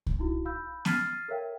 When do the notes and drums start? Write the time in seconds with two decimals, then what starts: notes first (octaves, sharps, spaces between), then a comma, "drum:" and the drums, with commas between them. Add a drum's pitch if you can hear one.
0.06 drum: kick C2
0.19 D#4 E4 F#4
0.45 F5 B5 E6 G6
0.85 F6 G#6 A6 B6 C7 D#7, drum: snare B3
1.28 A4 A#4 C#5 E5 F5 G5